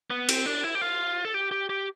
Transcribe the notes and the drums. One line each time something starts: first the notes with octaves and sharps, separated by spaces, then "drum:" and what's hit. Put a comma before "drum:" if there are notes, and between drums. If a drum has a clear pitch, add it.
B3
C4, drum: cymbal
D4
E4
G4
F4
A4
G4
G4
G4